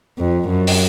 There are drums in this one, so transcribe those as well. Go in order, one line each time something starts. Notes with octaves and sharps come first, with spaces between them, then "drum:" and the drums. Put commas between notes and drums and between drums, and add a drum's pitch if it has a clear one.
F2
F#2
drum: open hi-hat